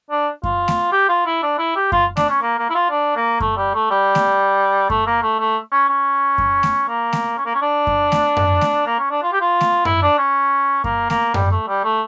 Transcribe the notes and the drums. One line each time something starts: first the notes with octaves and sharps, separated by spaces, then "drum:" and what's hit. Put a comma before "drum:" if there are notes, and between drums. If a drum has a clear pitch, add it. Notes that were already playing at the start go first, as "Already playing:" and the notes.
D4
F4, drum: kick F#2
drum: snare A3
G4
F4
E4
D4
E4
G4
F4, drum: kick F#2
D4, drum: snare A3
C#4
A#3
A#3
E4
F4
D4
A#3
A3, drum: kick F#2
G3
A3
G3
drum: snare A3
A3, drum: kick F#2
A#3
A3
A3
C#4
C#4
drum: kick F#2
drum: snare A3
A#3
drum: snare A3
C#4
A#3
C#4
D4
drum: kick F#2
drum: snare A3
drum: tom F#2
drum: snare A3
A#3
C#4
D4
F4
G4
F4
drum: snare A3
E4, drum: tom F#2
D4
C#4
A#3, drum: kick F#2
A#3, drum: snare A3
G3, drum: tom F#2
A3
G3
A3